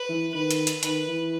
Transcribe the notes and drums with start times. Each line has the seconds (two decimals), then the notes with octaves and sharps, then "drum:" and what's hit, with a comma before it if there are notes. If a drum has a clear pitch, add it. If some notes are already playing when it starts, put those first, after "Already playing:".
Already playing: B4
0.09 E3
0.34 D#3 B4
0.51 drum: hi-hat
0.67 drum: hi-hat
0.83 D#3 B4, drum: hi-hat
1.08 E3